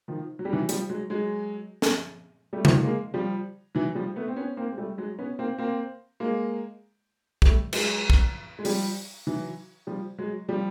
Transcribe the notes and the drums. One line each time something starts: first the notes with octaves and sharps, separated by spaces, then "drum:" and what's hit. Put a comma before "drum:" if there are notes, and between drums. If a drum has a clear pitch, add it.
D#3 F3
F#3
G3
E3 F#3
F3 G3, drum: hi-hat
F#3 G#3
F#3 G#3
drum: snare
G3 A3
drum: tom C3
G#3 A#3
F3 G3
E3 F#3
F3 G3
A3 B3
C4
B3 C#4
A#3 C4
G#3
G3 A3
F#3 G#3
B3 C#4
A#3 C4
A#3 C4
G#3 A#3
G3 A3, drum: kick
F#3 G#3, drum: cymbal
drum: kick
G#3
F3 G3, drum: open hi-hat
E3 F#3
F3 G3
F#3 G#3
F3 G3